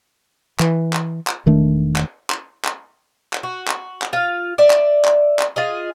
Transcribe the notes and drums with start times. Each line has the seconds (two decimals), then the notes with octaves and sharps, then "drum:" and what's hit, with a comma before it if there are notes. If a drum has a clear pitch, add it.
0.60 E3, drum: clap
0.93 drum: clap
1.27 drum: clap
1.46 E1 D#3 A3 D4
1.96 drum: clap
2.30 drum: clap
2.64 drum: clap
3.33 drum: clap
3.43 F#4
3.67 drum: clap
4.02 drum: clap
4.13 F4 F5
4.58 D5 E5
4.70 drum: clap
5.05 drum: clap
5.39 drum: clap
5.56 F4 G#4 D#5